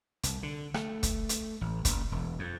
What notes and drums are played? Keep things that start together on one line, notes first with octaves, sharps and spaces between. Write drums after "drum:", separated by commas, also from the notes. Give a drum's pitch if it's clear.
C2, drum: hi-hat
D3
A3, drum: rim click
drum: kick, hi-hat
drum: hi-hat
A1
F#1, drum: kick, hi-hat
E1
F2